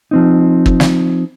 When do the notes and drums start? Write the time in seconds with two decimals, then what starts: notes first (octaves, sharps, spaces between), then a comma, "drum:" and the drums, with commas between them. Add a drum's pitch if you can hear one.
0.11 F3 C4 D#4
0.66 drum: kick
0.80 drum: snare